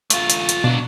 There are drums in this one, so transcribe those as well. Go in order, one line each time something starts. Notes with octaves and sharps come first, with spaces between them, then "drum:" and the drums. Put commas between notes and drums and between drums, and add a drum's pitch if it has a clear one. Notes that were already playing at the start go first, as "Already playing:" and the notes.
A3 F4, drum: hi-hat
drum: hi-hat
drum: hi-hat
B2 F#3 D4